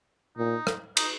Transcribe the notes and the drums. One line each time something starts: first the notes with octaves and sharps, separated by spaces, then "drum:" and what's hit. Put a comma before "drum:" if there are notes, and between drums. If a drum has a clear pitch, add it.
A#2 D#4
drum: rim click
D#4, drum: cymbal